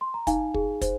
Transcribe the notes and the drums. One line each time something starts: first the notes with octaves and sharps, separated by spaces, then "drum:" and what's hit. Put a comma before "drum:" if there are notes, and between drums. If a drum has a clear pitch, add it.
C6
A#5
D#4 F5 G#5, drum: kick, hi-hat
G#4, drum: kick
C5, drum: kick, hi-hat